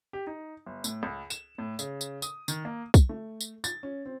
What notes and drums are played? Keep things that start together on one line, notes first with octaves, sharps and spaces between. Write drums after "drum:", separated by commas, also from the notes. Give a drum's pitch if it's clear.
G4
D#4
G1
A2, drum: tambourine
C#2
E7, drum: tambourine
A2
C#3, drum: tambourine
drum: tambourine
D#6, drum: tambourine
D#3, drum: tambourine
A#3
drum: kick, tambourine
A3
drum: tambourine
A6, drum: tambourine
C#4
C4